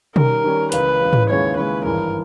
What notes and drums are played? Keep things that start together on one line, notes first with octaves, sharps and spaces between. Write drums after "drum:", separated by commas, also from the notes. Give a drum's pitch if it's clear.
D#3 G3 C#4 A#4, drum: tom
D#3 G3 C#4
C#2 C#3 E3 B4, drum: hi-hat
C#2 C#3 E3
drum: tom
D#2 C#3 G#3 C#4 E4 C#5
D#2 C#3 G#3 C#4 E4 B4
G#1 G2 E3 A#4